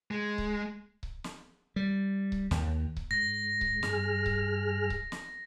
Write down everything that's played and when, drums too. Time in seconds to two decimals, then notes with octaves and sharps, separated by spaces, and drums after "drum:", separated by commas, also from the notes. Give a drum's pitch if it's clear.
0.11 G#3
0.38 drum: kick C#1
1.03 drum: kick C#1
1.24 drum: snare
1.76 G3
2.32 drum: kick C#1
2.51 D#2, drum: snare
2.97 drum: kick C#1
3.11 G#2 A#6
3.61 drum: kick C#1
3.83 G2 G#4 F6, drum: snare
4.26 drum: kick C#1
4.90 drum: kick C#1
5.12 drum: snare